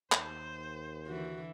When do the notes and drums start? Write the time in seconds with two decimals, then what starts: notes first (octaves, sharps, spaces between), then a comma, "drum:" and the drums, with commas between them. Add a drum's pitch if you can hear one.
0.12 D#2 C5, drum: clap
1.07 D3 E3 F#4